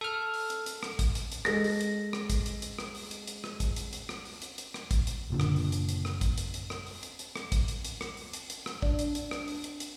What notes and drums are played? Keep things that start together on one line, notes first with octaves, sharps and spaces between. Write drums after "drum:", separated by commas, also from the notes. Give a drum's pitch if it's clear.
A4 F6
drum: open hi-hat
drum: hi-hat
drum: hi-hat
drum: rim click
drum: kick, hi-hat
drum: hi-hat
drum: hi-hat
G#3 A4 A#6, drum: rim click
drum: open hi-hat
drum: hi-hat
drum: rim click
drum: kick, hi-hat
drum: hi-hat
drum: hi-hat
drum: rim click
drum: open hi-hat
drum: hi-hat
drum: hi-hat
drum: rim click
drum: kick, hi-hat
drum: hi-hat
drum: hi-hat
drum: rim click
drum: open hi-hat
drum: hi-hat
drum: hi-hat
drum: rim click
drum: kick, hi-hat
drum: hi-hat
F#1 A#2 D3
drum: rim click
drum: open hi-hat
drum: hi-hat
drum: hi-hat
drum: rim click
drum: kick, hi-hat
drum: hi-hat
drum: hi-hat
drum: rim click
drum: open hi-hat
drum: hi-hat
drum: hi-hat
drum: rim click
drum: kick, hi-hat
drum: hi-hat
drum: hi-hat
drum: rim click
drum: open hi-hat
drum: hi-hat
drum: hi-hat
drum: rim click
D4, drum: kick
drum: hi-hat
drum: hi-hat
drum: rim click
drum: open hi-hat
drum: hi-hat
drum: hi-hat